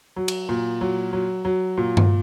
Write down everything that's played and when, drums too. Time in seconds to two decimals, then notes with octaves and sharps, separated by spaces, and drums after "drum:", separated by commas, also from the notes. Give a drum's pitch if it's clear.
0.16 F#3
0.28 drum: cymbal
0.49 A#2
0.81 F#3
1.13 F#3
1.45 F#3
1.77 A#2
1.97 drum: tom G2